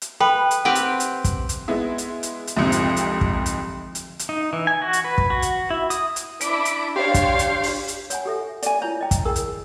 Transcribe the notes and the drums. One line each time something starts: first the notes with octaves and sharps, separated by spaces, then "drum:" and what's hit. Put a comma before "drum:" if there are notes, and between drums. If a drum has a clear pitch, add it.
drum: hi-hat
A4 B4 G5 B5
drum: hi-hat
C4 G4 B4 F#5
drum: hi-hat
drum: hi-hat
drum: kick, hi-hat
drum: hi-hat
G#3 B3 E4
drum: hi-hat
drum: hi-hat
drum: hi-hat
C2 F2 G#2 D3 F3 C4
drum: hi-hat
drum: hi-hat
drum: kick
drum: hi-hat
drum: hi-hat
drum: hi-hat
D#4
E3
G#5
F#4
drum: hi-hat
B4
drum: kick
F#4
drum: hi-hat
E4
D#6, drum: hi-hat
drum: hi-hat
D4 E4 B5 D6, drum: hi-hat
drum: hi-hat
D4 G4 C#5 F5 C6
drum: kick, hi-hat
drum: hi-hat
drum: open hi-hat
drum: hi-hat
C#5 F#5 G#5, drum: hi-hat
G4 A4 E5
D5 G#5, drum: hi-hat
E4 C#5 A#5
D#5 G5
drum: kick, hi-hat
G#4 A#4
drum: hi-hat